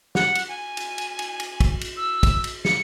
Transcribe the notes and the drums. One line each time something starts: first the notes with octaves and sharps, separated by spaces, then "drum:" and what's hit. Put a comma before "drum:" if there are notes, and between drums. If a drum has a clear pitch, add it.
F#5, drum: snare
drum: cymbal
G#5
drum: cymbal
drum: cymbal
drum: cymbal
drum: cymbal
drum: kick, cymbal
drum: cymbal
E6
drum: kick, cymbal
drum: cymbal
C#7, drum: snare